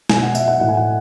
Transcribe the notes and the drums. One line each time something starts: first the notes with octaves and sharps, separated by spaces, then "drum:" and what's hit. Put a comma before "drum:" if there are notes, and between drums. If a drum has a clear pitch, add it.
B2 G#5, drum: snare
F#5
E5, drum: tambourine
F#5
A2 E3 F#5
G#5
F#5